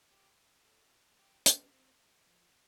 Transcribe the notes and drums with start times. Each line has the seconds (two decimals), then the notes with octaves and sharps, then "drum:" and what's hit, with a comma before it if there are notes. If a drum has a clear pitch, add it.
0.11 G4
0.65 A4
1.19 G4
1.46 drum: hi-hat
1.72 C4
2.27 F3